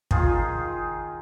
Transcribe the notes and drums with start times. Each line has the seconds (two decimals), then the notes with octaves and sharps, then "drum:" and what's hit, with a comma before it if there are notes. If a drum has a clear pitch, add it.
0.11 D#3 D#4 F4 G#4, drum: kick